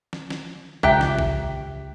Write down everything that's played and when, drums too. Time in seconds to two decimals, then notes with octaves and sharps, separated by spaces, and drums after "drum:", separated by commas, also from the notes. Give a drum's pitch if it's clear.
0.13 drum: snare
0.30 drum: snare
0.83 C#2 G4 E5 G5 A#5 F#6, drum: kick A1
1.01 drum: snare
1.19 drum: kick A1